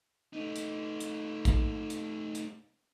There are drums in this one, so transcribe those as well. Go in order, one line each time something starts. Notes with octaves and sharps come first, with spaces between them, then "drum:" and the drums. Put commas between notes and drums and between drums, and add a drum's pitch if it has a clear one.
A3 D#4
drum: hi-hat
drum: hi-hat
drum: kick A1, hi-hat
drum: hi-hat
drum: hi-hat